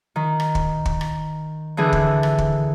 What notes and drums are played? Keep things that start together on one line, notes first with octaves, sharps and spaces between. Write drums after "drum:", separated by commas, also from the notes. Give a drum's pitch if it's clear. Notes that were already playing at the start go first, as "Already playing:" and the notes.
D#3
drum: rim click
drum: kick
drum: kick
drum: rim click
D3 E3 D4 G#4
drum: kick
drum: rim click
drum: kick